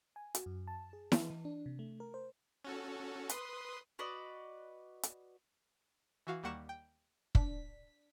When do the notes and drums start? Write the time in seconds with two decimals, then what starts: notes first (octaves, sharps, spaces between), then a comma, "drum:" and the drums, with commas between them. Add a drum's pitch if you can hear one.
0.16 G#5
0.35 F#4, drum: hi-hat
0.46 F#2
0.67 A5
0.93 G#4
1.12 E3, drum: snare E4
1.30 E3
1.45 D4
1.66 C3
1.79 A3
2.00 A#4
2.14 C5
2.65 C#4 F#4 A4
3.29 B4 C6 D#6, drum: hi-hat
3.99 F#4 B4 D5 D#5
5.03 drum: hi-hat
6.27 E3 F#4 F5
6.43 D#2 G3 A#3 F#5 C#6 E7
6.69 G5
7.35 D4 B6, drum: kick